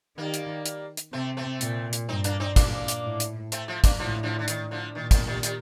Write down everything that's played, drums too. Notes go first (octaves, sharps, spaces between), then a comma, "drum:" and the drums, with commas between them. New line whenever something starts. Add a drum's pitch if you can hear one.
D#3 G3 A#3
drum: hi-hat
drum: hi-hat
drum: hi-hat
C3 A3 C4
A3 C4
A#2, drum: hi-hat
drum: hi-hat
G2 C4 D#4
A#3 D4, drum: hi-hat
C4 D#4
A#2 A#3 D4, drum: kick, hi-hat
drum: hi-hat
A2
drum: hi-hat
A3 C4, drum: hi-hat
F3 A3
A#3 D4, drum: kick, hi-hat
A2 D3 F3
D3 F3
D3
D#3, drum: hi-hat
D3 F3
A#2 D#3
D#3, drum: kick, hi-hat
D#3 G3
D#3 G3, drum: hi-hat